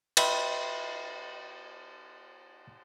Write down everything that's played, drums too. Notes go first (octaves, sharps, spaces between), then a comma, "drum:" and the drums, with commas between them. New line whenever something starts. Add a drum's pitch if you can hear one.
B4 D#5 E5 G5 B5 C6, drum: cymbal